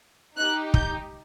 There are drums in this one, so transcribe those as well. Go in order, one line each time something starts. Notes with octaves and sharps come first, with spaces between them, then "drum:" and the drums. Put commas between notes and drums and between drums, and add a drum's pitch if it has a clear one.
D#4 G4 F#6
G6, drum: kick